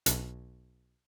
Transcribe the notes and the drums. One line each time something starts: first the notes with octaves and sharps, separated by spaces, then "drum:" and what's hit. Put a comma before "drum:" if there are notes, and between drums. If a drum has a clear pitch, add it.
B1, drum: hi-hat